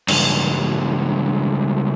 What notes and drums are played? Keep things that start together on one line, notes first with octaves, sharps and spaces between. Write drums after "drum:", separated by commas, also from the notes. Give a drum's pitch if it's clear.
C#2 G2, drum: cymbal